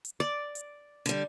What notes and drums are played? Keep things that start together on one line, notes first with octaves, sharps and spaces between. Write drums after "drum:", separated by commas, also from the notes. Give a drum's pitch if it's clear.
drum: hi-hat
D5
drum: hi-hat
D3 G3, drum: hi-hat